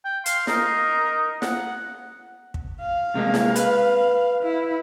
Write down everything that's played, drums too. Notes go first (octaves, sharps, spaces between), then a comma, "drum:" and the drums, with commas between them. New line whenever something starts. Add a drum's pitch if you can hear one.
G5
F5 C6, drum: hi-hat
D#4 A#4, drum: snare
F#5, drum: snare
drum: kick
F5
C3 G#3 A#3
drum: snare
B4, drum: hi-hat
E4